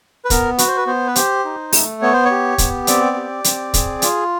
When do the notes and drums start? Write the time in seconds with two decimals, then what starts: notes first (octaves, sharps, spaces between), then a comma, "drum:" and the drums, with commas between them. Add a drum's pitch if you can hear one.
0.25 B4
0.30 B3 A#4, drum: kick, hi-hat
0.58 F#4 B4, drum: hi-hat
0.68 C5
0.77 B4
0.87 B3 C5
1.07 B4
1.16 G4 C5, drum: hi-hat
1.45 D#4
1.73 A3, drum: open hi-hat
2.02 B3 C#5
2.13 C5
2.25 C#5
2.31 G4
2.58 B3, drum: kick, hi-hat
2.87 C4 D5, drum: hi-hat
3.16 G4
3.44 C4, drum: hi-hat
3.74 G#4, drum: kick, hi-hat
4.02 F4, drum: hi-hat